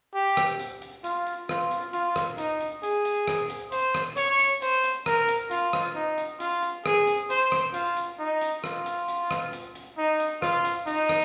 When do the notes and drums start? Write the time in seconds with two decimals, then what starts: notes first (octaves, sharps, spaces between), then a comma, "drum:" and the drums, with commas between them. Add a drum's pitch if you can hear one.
0.15 G4
0.37 drum: rim click
0.60 drum: hi-hat
0.82 drum: hi-hat
1.04 F4, drum: hi-hat
1.27 drum: hi-hat
1.49 F4, drum: rim click
1.71 drum: hi-hat
1.93 F4, drum: hi-hat
2.16 drum: rim click
2.38 D#4, drum: hi-hat
2.61 drum: hi-hat
2.83 G#4, drum: hi-hat
3.05 drum: hi-hat
3.28 drum: rim click
3.50 drum: hi-hat
3.72 C5, drum: hi-hat
3.95 drum: rim click
4.17 C#5, drum: hi-hat
4.39 drum: hi-hat
4.62 C5, drum: hi-hat
4.84 drum: hi-hat
5.06 A#4, drum: rim click
5.29 drum: hi-hat
5.51 F4, drum: hi-hat
5.73 drum: rim click
5.95 D#4
6.18 drum: hi-hat
6.40 F4, drum: hi-hat
6.63 drum: hi-hat
6.86 G#4, drum: rim click
7.07 drum: hi-hat
7.30 C5, drum: hi-hat
7.52 drum: rim click
7.74 F4, drum: hi-hat
7.97 drum: hi-hat
8.19 D#4
8.41 drum: hi-hat
8.64 F4, drum: rim click
8.86 drum: hi-hat
9.08 drum: hi-hat
9.31 drum: rim click
9.53 drum: hi-hat
9.75 drum: hi-hat
9.98 D#4
10.20 drum: hi-hat
10.42 F4, drum: rim click
10.65 drum: hi-hat
10.87 D#4, drum: hi-hat
11.09 drum: rim click